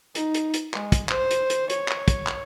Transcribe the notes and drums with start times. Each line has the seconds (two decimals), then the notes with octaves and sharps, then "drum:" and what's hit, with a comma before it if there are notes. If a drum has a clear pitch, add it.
0.15 D#4, drum: hi-hat
0.34 drum: hi-hat
0.54 drum: hi-hat
0.74 G#3, drum: clap
0.92 drum: kick, hi-hat
1.09 C5, drum: clap
1.31 drum: hi-hat
1.50 drum: hi-hat
1.70 C#5, drum: hi-hat
1.88 drum: clap
2.08 drum: kick, hi-hat
2.27 drum: clap